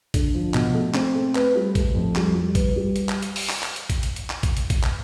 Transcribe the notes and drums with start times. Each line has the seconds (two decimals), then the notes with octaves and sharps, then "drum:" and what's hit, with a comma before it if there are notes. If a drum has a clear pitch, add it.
0.14 D3, drum: kick, hi-hat
0.34 F3
0.54 B2, drum: clap
0.74 A3
0.94 C4, drum: clap
1.15 A3
1.35 B4, drum: clap
1.55 G3
1.75 A3, drum: kick, hi-hat
1.95 F2
2.15 G3, drum: clap
2.35 G3
2.55 B4, drum: kick, hi-hat
2.76 G3
2.96 drum: hi-hat
3.09 drum: clap
3.22 drum: hi-hat
3.36 drum: open hi-hat
3.49 drum: clap
3.63 drum: clap
3.76 drum: hi-hat
3.90 drum: kick, hi-hat
4.03 drum: hi-hat
4.16 drum: hi-hat
4.30 drum: clap
4.43 drum: kick, hi-hat
4.57 drum: hi-hat
4.70 drum: kick, hi-hat
4.83 drum: clap